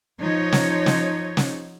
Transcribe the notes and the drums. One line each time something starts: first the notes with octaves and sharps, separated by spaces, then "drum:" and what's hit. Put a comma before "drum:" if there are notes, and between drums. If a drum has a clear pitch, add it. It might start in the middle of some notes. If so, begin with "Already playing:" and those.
F3 D#4 C#5
drum: snare
drum: snare
drum: snare